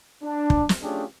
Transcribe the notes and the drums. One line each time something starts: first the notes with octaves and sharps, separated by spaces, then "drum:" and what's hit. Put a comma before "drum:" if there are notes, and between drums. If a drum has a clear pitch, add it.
D4
drum: kick
drum: snare
A3 C#4 D4 F4 G4 G#4